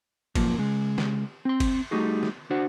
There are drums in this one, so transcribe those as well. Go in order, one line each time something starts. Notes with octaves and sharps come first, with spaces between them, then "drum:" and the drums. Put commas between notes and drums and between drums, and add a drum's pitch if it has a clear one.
F#2 A#2 F3 A#3, drum: kick G1, cymbal
C#3 G#3
drum: snare
C4 C6
drum: kick G1, cymbal
G3 A3 D#4 F#4 G#4
drum: snare
D4 F#4 C5 F#5